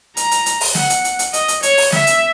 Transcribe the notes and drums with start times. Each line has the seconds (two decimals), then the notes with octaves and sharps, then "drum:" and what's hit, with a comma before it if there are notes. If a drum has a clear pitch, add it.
0.17 A#5, drum: hi-hat
0.31 drum: hi-hat
0.46 drum: hi-hat
0.61 drum: open hi-hat
0.75 F#5, drum: snare
0.90 drum: hi-hat
1.04 drum: hi-hat
1.19 drum: hi-hat
1.33 D#5, drum: hi-hat
1.48 drum: hi-hat
1.63 C#5, drum: hi-hat
1.77 drum: open hi-hat
1.92 E5, drum: snare
2.07 drum: hi-hat